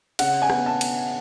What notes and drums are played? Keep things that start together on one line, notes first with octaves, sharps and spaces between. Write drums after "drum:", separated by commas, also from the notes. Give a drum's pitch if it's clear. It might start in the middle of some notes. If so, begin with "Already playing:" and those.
C#3 F#5, drum: cymbal
G#5
B3, drum: rim click
A5
drum: cymbal